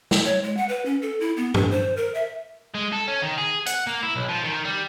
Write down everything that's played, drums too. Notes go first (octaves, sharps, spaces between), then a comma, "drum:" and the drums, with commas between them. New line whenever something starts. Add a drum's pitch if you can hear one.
drum: snare
C#5
G#3
F#5
B4
C#4
A4
E4
B3
D4, drum: tom G2
C5
A#4
E5
G#3
A4
C#4
D#3
G#4
F#5, drum: hi-hat
A#3
E4
B1
F3
D#3
G3